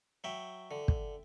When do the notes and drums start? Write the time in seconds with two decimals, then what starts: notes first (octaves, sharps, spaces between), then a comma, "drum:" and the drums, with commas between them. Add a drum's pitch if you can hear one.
0.24 F#3 E5 G5
0.71 D3
0.88 drum: kick